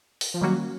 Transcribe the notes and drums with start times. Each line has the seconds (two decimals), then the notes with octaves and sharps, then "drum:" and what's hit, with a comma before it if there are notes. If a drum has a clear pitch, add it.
0.21 drum: open hi-hat
0.34 F3
0.41 D#3 F#3 G3 A#3 C#4 F#4